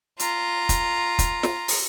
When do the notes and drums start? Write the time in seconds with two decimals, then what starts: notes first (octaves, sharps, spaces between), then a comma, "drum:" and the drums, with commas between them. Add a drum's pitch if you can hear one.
0.19 F4 A#5, drum: hi-hat
0.69 drum: kick, hi-hat
1.19 drum: kick, hi-hat
1.43 drum: snare
1.68 drum: open hi-hat